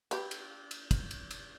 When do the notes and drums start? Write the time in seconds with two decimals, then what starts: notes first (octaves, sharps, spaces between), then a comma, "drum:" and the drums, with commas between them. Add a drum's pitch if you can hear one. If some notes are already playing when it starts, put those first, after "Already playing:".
0.11 G4 B4, drum: cymbal
0.31 drum: cymbal
0.71 drum: cymbal
0.91 drum: kick, cymbal
1.11 drum: cymbal
1.31 drum: cymbal